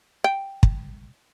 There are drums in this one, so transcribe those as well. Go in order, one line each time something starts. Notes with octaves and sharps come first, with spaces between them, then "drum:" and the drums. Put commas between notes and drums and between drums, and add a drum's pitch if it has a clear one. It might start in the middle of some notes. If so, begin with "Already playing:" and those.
G5
drum: kick